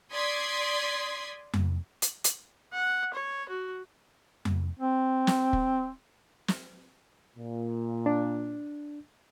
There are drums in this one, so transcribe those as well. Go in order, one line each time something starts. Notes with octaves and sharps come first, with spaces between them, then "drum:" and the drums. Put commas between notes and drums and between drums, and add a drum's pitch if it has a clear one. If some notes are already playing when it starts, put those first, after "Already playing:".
D5 C6 D#6 G#6 B6
drum: tom F2
drum: hi-hat
drum: hi-hat
F#5
C#5
F#4
drum: tom F2
C4
drum: snare
drum: kick
drum: snare
A#2
D4